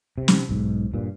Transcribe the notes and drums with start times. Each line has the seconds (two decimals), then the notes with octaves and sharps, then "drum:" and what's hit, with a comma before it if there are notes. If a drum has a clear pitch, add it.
0.18 C3
0.28 drum: snare
0.49 B1 G#2
0.94 G2 A#2